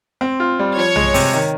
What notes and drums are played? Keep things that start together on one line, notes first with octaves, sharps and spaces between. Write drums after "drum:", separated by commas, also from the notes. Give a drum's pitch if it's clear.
C4
F4
G3
F3 C#5
G#3, drum: tom B1
C3, drum: open hi-hat
D#3